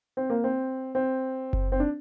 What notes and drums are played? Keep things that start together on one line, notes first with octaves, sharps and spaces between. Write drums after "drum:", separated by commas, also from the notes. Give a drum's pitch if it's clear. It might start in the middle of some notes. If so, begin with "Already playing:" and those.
C4
A#3
C4
C4
drum: kick F#1
C4
D4